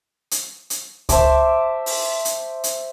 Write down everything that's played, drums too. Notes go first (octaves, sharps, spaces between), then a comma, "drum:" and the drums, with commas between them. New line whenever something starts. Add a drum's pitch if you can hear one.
drum: hi-hat
drum: hi-hat
C5 E5 A5 D6, drum: kick C#2, hi-hat
drum: open hi-hat
drum: hi-hat
drum: hi-hat